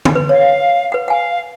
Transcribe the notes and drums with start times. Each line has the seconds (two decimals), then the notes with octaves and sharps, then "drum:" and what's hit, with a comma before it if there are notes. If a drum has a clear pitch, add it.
0.05 drum: tom
0.15 B4
0.29 C#5 F5
0.92 B4 F#5
1.08 F5 F#5 G#5